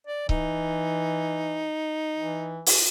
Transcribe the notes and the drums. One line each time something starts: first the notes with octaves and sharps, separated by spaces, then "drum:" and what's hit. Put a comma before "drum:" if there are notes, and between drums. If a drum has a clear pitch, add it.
D5
E3 D#4, drum: kick C#1
E3
drum: open hi-hat